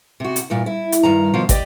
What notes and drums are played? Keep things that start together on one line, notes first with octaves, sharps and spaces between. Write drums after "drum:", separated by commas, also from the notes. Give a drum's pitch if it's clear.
C3 F#4
drum: hi-hat
E2 G2 A#2
E4
drum: hi-hat
G2 D#3 A#5
B2 D#3 F3 F4 F5
G4 D5 D#5 G5, drum: kick, hi-hat